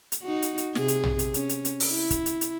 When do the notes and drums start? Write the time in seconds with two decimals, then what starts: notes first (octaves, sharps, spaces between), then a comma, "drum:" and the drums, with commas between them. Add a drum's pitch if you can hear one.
0.12 drum: hi-hat
0.22 D#4 F#4
0.42 drum: hi-hat
0.58 drum: hi-hat
0.75 C3 G#4, drum: snare
0.88 drum: hi-hat
1.04 drum: tom
1.19 drum: hi-hat
1.34 C#4, drum: hi-hat
1.49 drum: hi-hat
1.65 drum: hi-hat
1.80 drum: open hi-hat
1.90 E4
2.10 drum: kick, hi-hat
2.26 drum: hi-hat
2.41 drum: hi-hat